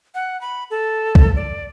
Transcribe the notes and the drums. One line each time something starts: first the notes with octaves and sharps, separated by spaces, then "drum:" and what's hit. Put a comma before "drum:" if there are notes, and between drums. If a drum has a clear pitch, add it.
F#5
B5
A4
drum: kick
D5